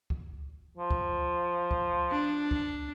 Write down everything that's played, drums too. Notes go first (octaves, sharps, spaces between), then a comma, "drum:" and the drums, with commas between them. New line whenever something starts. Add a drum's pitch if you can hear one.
drum: kick
F3
drum: kick
drum: kick
D4
drum: kick